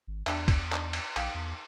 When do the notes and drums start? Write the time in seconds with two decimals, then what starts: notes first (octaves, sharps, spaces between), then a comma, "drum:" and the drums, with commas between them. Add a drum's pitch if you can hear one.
0.07 G#1
0.26 E2 G3 D4 E5, drum: cymbal
0.48 drum: kick, cymbal
0.72 D4 D#4, drum: clap
0.93 drum: cymbal
1.16 A#1 D#3 A#3 G4, drum: cymbal
1.34 E2